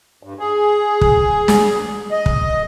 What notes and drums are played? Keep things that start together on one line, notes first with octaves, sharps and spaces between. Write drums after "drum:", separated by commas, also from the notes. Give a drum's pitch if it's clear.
G2
G#4
drum: kick
drum: snare
D#5
drum: kick